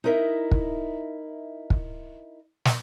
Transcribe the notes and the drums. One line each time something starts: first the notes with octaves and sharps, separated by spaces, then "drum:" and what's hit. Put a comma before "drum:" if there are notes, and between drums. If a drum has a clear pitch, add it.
D#4 E4 A#4 D#5 E5
drum: kick
drum: kick
drum: snare